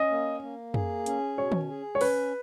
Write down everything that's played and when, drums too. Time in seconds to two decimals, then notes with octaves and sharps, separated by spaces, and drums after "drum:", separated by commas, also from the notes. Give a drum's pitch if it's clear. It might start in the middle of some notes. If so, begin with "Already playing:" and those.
Already playing: C#4 D#5
0.11 A#3
0.42 A#3
0.74 G#4, drum: tom
1.06 C#4, drum: hi-hat
1.37 B2 C#5
1.52 drum: tom
1.69 G#4
1.95 C#5
2.01 C#4 B4, drum: open hi-hat